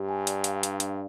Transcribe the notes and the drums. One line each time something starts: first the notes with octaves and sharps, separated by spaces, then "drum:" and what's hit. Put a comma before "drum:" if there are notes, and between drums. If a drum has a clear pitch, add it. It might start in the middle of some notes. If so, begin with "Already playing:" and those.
Already playing: G2 G4
G#5
D5, drum: hi-hat
F5, drum: hi-hat
D4, drum: hi-hat
D5, drum: hi-hat